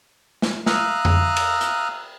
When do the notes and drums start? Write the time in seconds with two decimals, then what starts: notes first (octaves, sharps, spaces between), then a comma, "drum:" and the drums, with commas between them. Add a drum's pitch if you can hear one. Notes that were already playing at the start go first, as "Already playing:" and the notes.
0.42 drum: snare
0.66 E5 F5 A#5 D#6 F6 F#6, drum: snare
1.05 drum: tom F2
1.37 drum: cymbal
1.61 drum: hi-hat